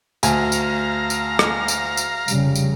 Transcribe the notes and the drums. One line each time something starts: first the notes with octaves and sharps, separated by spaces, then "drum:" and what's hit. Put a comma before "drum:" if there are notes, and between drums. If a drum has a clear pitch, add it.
D2 F5 G#5 A#5, drum: tambourine
drum: tambourine
drum: tambourine
drum: rim click
drum: tambourine
drum: tambourine
F1 C#3 G3, drum: tambourine
drum: tambourine